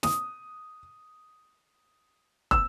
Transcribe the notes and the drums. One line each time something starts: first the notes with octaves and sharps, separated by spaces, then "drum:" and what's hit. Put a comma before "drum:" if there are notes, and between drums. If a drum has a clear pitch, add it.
D#6, drum: snare
E6, drum: kick